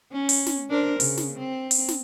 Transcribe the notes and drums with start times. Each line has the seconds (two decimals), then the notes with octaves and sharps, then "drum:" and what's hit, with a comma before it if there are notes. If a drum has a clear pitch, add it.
0.12 C#4
0.29 drum: open hi-hat
0.46 drum: snare
0.70 D4 A#4 C5
1.00 C#3, drum: open hi-hat
1.17 drum: snare
1.38 C4
1.71 drum: open hi-hat
1.88 drum: snare